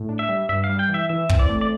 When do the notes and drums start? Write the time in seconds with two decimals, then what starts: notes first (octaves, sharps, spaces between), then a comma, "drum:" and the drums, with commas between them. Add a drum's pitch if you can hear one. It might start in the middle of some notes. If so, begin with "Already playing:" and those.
Already playing: A2
0.09 D4
0.19 E5
0.29 G3
0.49 G2 E5
0.64 F5
0.69 G3
0.79 G5
0.89 E3
0.94 E5
1.09 E3 E5
1.29 C4, drum: kick
1.39 D5
1.49 A3
1.61 D5